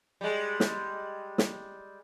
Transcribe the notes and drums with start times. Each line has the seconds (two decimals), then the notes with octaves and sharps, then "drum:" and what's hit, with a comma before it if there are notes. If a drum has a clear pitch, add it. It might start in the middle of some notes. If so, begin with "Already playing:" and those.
0.21 G3 G#3
0.60 drum: snare
1.38 drum: snare